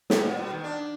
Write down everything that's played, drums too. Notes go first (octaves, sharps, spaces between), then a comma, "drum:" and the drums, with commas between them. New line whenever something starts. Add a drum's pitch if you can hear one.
B2, drum: snare
A#2
B2
D#3
D4